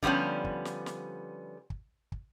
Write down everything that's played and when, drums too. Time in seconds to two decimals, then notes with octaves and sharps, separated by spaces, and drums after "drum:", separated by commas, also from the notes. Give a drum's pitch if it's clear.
0.03 D3 F3 G3 B3 C#4, drum: kick
0.44 drum: kick
0.65 drum: snare
0.86 drum: snare
1.70 drum: kick
2.12 drum: kick